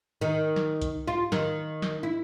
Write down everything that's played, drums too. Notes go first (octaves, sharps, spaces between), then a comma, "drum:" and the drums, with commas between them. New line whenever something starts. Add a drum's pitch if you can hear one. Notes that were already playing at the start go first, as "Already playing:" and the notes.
D#3
drum: snare
drum: kick C2, hi-hat
F4
D#3, drum: snare
drum: snare
E4